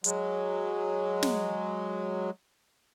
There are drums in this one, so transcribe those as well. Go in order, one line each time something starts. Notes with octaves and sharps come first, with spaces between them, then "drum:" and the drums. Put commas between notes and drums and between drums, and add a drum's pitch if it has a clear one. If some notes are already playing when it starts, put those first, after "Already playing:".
F#3 G#3, drum: hi-hat
drum: snare